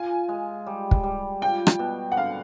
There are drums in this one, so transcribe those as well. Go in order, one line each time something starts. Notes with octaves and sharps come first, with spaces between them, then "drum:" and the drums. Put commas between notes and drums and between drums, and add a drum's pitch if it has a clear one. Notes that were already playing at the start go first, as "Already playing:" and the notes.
Already playing: F4 G#5
G#3
G3
drum: kick
G3
F4 G5
drum: rim click
B2
F#5
D3 F5